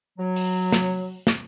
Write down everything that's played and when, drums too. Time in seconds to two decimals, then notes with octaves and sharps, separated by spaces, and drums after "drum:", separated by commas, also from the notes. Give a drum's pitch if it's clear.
0.18 F#3
0.36 drum: open hi-hat
0.72 drum: snare
1.27 drum: snare